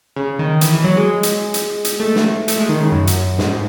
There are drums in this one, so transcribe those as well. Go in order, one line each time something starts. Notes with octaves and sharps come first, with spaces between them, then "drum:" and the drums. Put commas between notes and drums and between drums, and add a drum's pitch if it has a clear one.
C#3
D#3
E3, drum: hi-hat
E3
F#3
G#3
drum: hi-hat
drum: hi-hat
drum: hi-hat
A3
drum: snare
A3, drum: hi-hat
G#3
D#3
C#3
F#2
drum: hi-hat
G#2, drum: snare